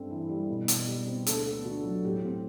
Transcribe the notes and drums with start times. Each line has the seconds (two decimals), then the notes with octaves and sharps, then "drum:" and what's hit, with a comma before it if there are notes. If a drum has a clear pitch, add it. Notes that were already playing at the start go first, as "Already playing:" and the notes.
Already playing: G2 C4 A4
0.10 E3
0.29 G3
0.49 B2
0.68 B2, drum: hi-hat
0.87 G3
1.07 C4
1.27 D2 A4, drum: hi-hat
1.46 B3
1.65 D3 F#4
1.84 F#3
2.04 A2 G4
2.23 C4